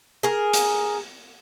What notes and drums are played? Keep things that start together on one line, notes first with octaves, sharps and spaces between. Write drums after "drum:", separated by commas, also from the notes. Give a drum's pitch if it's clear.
G#4 A#4
drum: hi-hat